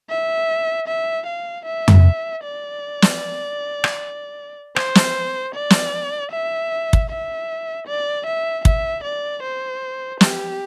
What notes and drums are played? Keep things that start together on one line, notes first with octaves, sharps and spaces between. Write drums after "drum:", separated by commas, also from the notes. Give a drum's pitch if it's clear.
E5
E5
F5
E5
drum: tom F2
D5
drum: snare
drum: rim click
C5, drum: rim click
drum: snare
D5
drum: snare
E5
drum: kick
E5
D5
E5
E5, drum: kick
D5
C5
G4, drum: snare